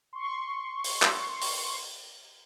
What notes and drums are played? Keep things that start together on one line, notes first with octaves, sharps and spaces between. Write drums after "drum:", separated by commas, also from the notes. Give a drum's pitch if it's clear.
C6 C#6
drum: open hi-hat
drum: clap
drum: open hi-hat